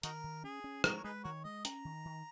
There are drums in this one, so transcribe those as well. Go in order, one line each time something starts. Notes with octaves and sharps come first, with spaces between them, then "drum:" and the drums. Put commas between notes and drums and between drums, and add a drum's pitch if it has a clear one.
D#3 D#4 F#4 A#4, drum: hi-hat
D#3
C#4 G#4
C#4
G#3 D#4 F#4 A#4, drum: rim click
C#5
G#3 D#4 G#4 B4
D#3 F#4 A#4 C#5
G#3 D#5
C#4 A#5, drum: hi-hat
D#3
D#3